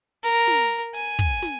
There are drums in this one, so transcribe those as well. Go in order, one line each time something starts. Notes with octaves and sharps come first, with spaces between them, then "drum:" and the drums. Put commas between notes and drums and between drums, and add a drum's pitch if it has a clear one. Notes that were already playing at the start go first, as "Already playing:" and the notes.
A#4
drum: snare
G#5, drum: hi-hat
drum: kick
drum: snare